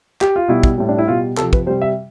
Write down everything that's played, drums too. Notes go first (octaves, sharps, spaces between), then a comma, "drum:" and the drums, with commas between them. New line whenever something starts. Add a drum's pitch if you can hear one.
G4, drum: clap
F4
B2 G3 E4
drum: kick
A2 G3
D4
E4
B2 G3 F4
C3 F3 A4, drum: clap
B4, drum: kick
C3 G3 C5
E5